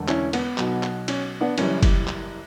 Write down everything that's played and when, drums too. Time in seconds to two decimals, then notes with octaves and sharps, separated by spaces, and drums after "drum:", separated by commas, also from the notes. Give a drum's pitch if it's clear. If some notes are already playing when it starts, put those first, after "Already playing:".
Already playing: E1 E2 D3 A3
0.08 C#4 E4, drum: clap
0.33 B3, drum: cymbal
0.58 B1 B2 F#3, drum: clap
0.83 drum: clap
1.08 C#4, drum: cymbal
1.41 B3 D4
1.58 F#1 F#2 E3 G3 C#4, drum: cymbal
1.83 drum: kick F#1, cymbal
2.07 drum: clap